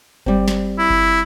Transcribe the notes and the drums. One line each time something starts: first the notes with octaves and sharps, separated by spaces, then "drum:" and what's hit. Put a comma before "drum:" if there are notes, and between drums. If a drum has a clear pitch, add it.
G3 C4, drum: kick G1
drum: snare
E4
drum: kick G1